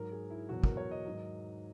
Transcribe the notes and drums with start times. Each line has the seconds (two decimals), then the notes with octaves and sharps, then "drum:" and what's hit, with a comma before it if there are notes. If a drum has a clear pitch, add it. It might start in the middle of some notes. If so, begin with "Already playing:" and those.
Already playing: G#2 F#3 A#4
0.11 G#4
0.30 E4
0.49 E2 B2 F#3 F#4
0.63 A#4, drum: kick
0.77 C#5
0.91 D#5
1.05 G#2 D#3 F#3